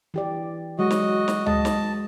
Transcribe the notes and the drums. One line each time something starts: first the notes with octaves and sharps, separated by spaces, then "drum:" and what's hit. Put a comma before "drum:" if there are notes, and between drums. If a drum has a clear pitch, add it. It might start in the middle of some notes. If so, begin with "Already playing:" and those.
E3 G4 D5
F#3 G#3 F#4 D#5
drum: snare
drum: snare
G#3 D#5 A5, drum: tom C#2
drum: snare